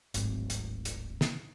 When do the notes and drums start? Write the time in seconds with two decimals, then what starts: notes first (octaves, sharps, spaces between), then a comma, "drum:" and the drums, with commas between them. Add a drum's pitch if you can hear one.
0.14 D1 G#1, drum: hi-hat
0.50 drum: hi-hat
0.85 drum: hi-hat
1.21 drum: snare